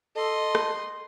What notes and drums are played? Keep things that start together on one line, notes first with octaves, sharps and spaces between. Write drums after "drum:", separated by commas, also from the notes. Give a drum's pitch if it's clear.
A4 D#5 C6
drum: rim click